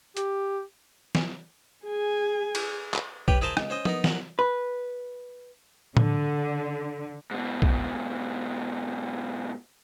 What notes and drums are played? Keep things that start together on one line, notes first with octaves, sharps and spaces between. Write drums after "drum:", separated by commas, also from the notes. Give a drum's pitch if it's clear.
G4, drum: hi-hat
drum: snare
G#4 G#5
drum: cymbal
drum: clap
G4 B4 C#5 G5, drum: kick
E4 G#4 A#4 C5 A5 C6
C#2, drum: rim click
C#4 C5 D#5
B3 D#4 A#4, drum: tom F3
A#4 F#5, drum: snare
B4
D3, drum: tom A2
G#2 B2
drum: kick